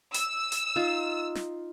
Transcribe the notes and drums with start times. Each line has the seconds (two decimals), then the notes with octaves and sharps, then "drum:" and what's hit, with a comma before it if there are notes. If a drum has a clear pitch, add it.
0.14 E6, drum: hi-hat
0.52 drum: hi-hat
0.76 D#4 F4
1.35 drum: snare